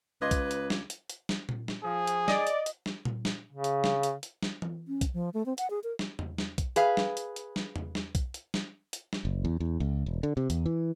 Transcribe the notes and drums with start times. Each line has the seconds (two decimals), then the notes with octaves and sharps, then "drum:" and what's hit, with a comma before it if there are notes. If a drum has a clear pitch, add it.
0.22 C#2 B4 D#5 F5 C6 D6 G#6
0.31 drum: kick B1, hi-hat
0.51 drum: hi-hat
0.70 drum: snare
0.90 drum: hi-hat
1.10 drum: hi-hat
1.29 drum: snare
1.49 drum: tom A#2
1.68 drum: snare
1.84 F3 G#4
2.07 drum: hi-hat
2.28 D5 D#5, drum: snare
2.47 drum: hi-hat
2.66 drum: hi-hat
2.86 drum: snare
3.05 drum: tom A#2
3.25 drum: snare
3.52 C#3
3.64 drum: hi-hat
3.84 drum: snare
4.03 drum: hi-hat
4.23 drum: hi-hat
4.43 drum: snare
4.62 drum: tom E3
4.88 C#4
5.01 drum: kick B1, hi-hat
5.14 F3
5.34 A3
5.46 C4
5.58 F#5, drum: hi-hat
5.70 G#4
5.84 A#4
5.99 drum: snare
6.19 drum: tom E2
6.38 drum: snare
6.58 drum: kick B1, hi-hat
6.76 G#4 B4 F5, drum: hi-hat
6.97 drum: snare
7.17 drum: hi-hat
7.36 drum: hi-hat
7.56 drum: snare
7.76 drum: tom E2
7.95 drum: snare
8.15 drum: kick B1, hi-hat
8.34 drum: hi-hat
8.54 drum: snare
8.93 drum: hi-hat
9.13 drum: snare
9.25 F#1
9.45 E2
9.60 E2
9.80 C#2
10.06 E1
10.23 D3
10.37 C3
10.50 E2, drum: hi-hat
10.66 E3